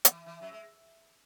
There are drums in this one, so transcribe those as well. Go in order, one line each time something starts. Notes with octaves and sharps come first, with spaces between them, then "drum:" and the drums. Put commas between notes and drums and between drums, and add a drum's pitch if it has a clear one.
D#3, drum: hi-hat
E3
E3
F#2 F#3
G#3